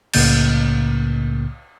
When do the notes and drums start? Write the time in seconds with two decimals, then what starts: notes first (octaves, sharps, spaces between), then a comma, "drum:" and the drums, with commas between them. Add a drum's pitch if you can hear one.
0.14 C2 A2 C#3 A#3 G6 A6, drum: cymbal